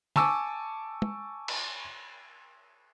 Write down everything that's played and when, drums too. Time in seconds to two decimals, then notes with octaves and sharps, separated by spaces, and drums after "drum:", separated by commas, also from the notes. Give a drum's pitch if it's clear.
0.16 G#5 A5 C#6 D6 E6, drum: snare
1.02 drum: tom
1.48 drum: cymbal